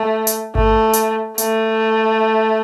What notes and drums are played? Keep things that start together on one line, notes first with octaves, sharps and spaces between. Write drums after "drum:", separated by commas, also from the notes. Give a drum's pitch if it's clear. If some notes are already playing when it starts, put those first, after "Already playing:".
Already playing: A3
drum: hi-hat
A3, drum: kick G1
drum: hi-hat
A3, drum: hi-hat